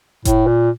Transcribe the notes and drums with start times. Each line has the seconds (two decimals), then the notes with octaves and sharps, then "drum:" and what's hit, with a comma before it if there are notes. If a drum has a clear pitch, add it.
0.25 A2, drum: kick F#1, hi-hat
0.47 A#2